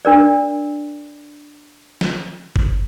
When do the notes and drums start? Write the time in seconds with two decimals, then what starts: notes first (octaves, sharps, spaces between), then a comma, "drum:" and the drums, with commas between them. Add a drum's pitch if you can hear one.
0.05 D4 A#4 D5
2.01 drum: snare
2.56 drum: kick